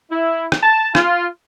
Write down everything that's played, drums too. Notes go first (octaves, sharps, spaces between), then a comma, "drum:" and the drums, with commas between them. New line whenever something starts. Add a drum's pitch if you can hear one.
E4
drum: rim click
A5
F4, drum: rim click